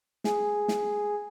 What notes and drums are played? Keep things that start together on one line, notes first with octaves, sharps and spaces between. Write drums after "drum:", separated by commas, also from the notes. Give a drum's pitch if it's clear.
G#4, drum: snare
drum: snare